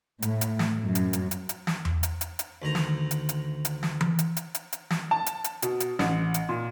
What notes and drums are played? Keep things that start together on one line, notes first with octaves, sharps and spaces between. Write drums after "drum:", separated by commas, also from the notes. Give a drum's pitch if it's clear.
A2, drum: hi-hat
drum: hi-hat
drum: snare
F#2
drum: hi-hat
drum: hi-hat
drum: hi-hat
drum: hi-hat
drum: snare
drum: tom E2
drum: hi-hat
drum: hi-hat
drum: hi-hat
D2 D#3 A#5
drum: snare
drum: hi-hat
drum: hi-hat
drum: hi-hat
drum: snare
drum: tom E3
drum: hi-hat
drum: hi-hat
drum: hi-hat
drum: hi-hat
drum: snare
A5
drum: hi-hat
drum: hi-hat
B2, drum: hi-hat
drum: hi-hat
A1, drum: snare
drum: hi-hat
A#2